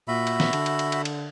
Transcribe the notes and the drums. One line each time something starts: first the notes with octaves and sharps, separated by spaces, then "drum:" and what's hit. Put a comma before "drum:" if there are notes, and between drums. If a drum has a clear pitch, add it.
A#2 F#4 E5 B5
drum: cymbal
drum: snare
D3, drum: cymbal
drum: cymbal
drum: cymbal
drum: cymbal
drum: cymbal